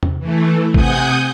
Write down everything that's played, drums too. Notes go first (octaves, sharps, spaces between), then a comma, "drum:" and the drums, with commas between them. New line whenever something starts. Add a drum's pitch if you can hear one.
drum: tom
E3 A3
C3 F#5 G#5 D#6 G6, drum: kick G#1